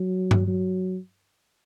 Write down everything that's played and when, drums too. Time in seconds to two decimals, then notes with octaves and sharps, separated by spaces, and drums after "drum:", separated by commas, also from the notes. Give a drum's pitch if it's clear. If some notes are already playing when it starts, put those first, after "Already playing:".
Already playing: F#3
0.31 drum: tom G2
0.47 F#3